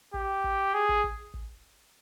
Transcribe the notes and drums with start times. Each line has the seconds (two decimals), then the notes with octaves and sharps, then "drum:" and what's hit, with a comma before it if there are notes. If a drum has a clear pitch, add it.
0.14 G4, drum: kick
0.44 drum: kick
0.74 G#4
0.89 drum: kick
1.04 drum: kick
1.34 drum: kick